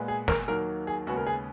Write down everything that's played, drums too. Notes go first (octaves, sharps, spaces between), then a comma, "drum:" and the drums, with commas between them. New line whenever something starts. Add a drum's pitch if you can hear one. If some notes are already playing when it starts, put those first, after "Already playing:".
Already playing: A#2 G#3 B3
G#4
A#4, drum: snare
D#2 D#3 F#3 A#3 A#4
G#4
D#2 C#3 G#3 B3 F#4
A#4
G#4